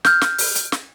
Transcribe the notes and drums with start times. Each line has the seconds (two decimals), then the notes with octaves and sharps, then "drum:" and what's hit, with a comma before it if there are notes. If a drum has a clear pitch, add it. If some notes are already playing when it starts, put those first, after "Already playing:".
0.05 F6 G6, drum: snare
0.21 drum: snare
0.38 drum: open hi-hat
0.55 drum: hi-hat
0.72 drum: snare